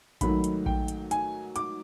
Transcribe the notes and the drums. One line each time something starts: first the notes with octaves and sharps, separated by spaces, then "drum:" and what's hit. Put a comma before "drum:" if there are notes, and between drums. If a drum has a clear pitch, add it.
G#2 D#3 F#3 A3 B5, drum: kick A#1, hi-hat
drum: hi-hat
G5, drum: kick A#1
drum: hi-hat
G#5, drum: hi-hat
D6, drum: hi-hat